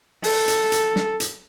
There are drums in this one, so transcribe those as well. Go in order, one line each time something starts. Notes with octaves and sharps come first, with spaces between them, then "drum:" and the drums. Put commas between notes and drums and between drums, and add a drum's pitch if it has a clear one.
A4, drum: open hi-hat
drum: hi-hat
drum: hi-hat
drum: snare
drum: hi-hat